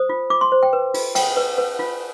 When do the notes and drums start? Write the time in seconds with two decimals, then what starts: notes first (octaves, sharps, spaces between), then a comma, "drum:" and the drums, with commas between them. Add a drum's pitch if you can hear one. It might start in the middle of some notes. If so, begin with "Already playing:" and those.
Already playing: C5 D#6
0.09 F4
0.30 F4 D6
0.41 C6
0.52 C5
0.63 G5
0.73 B4
0.94 F4, drum: open hi-hat
1.15 F4 G5, drum: cymbal
1.37 B4
1.58 B4
1.79 F4